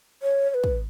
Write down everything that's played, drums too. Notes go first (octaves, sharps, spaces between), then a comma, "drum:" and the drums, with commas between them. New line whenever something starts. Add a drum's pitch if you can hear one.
C#5
C#5
B4
drum: kick